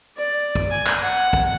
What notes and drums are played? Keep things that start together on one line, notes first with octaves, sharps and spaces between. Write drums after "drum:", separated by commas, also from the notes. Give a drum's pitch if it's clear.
D5
drum: kick
G#5
drum: clap
F#5
drum: kick